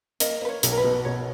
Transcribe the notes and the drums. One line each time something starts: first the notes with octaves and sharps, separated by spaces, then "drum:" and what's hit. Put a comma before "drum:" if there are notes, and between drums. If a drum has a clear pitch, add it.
A#3 D#5, drum: hi-hat
A#3 B4
C#5
B1, drum: hi-hat
A#4
B4
B2
B2 C#5